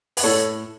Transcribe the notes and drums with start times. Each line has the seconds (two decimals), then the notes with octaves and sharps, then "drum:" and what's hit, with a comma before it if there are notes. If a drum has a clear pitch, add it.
0.17 B4, drum: open hi-hat
0.23 A2 A4 C#5